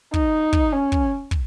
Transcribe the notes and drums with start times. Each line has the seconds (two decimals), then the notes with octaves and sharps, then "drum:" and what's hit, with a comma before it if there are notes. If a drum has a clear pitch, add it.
0.14 D#4, drum: kick
0.53 drum: kick
0.73 C#4
0.92 drum: kick
1.31 drum: kick